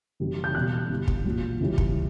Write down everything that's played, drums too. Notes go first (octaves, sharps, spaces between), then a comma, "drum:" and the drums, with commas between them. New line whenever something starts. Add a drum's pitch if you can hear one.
F#1 F#2 E3 G3
G6
E1 E2 B2 G3 F#6
G1 G2 E3 G3
drum: kick
A#1 A#2 F#3
C#2 C#3 E3 G3
drum: kick